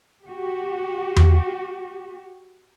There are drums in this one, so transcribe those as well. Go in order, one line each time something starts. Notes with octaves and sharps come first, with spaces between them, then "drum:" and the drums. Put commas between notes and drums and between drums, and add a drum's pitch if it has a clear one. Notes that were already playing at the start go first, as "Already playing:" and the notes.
F#4 G4
drum: tom E2